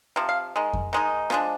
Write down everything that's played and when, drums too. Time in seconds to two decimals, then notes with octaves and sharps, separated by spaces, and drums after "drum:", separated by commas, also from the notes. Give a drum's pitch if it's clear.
0.16 C3 F3
0.29 F5
0.56 D#3 G#3
0.73 drum: kick F2
0.93 D#3 G#3 D#4
1.30 F3 G#3 D4, drum: rim click